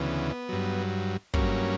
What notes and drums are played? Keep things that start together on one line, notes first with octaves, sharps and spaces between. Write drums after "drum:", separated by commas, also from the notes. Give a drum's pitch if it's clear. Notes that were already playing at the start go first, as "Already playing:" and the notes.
Already playing: D2 C#3 E3 B3
G2 F#3
G2 F#3 A#3 C#4, drum: kick